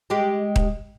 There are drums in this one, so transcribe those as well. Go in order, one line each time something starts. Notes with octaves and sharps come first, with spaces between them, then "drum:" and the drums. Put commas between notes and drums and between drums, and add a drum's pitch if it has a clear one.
G#3 G4
drum: kick D#1